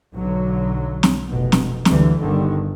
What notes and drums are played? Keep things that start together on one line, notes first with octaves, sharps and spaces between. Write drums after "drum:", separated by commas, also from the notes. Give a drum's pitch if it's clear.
B1 D3 F#3
drum: snare
F1 B2
drum: snare
D2 D3 E3 G3, drum: snare
G1 G2 D3 D#3